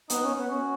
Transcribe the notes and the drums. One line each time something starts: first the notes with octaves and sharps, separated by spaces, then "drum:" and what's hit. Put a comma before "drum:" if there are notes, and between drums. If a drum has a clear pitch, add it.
B3 D#4, drum: hi-hat
C#4
B3
C#4 F#4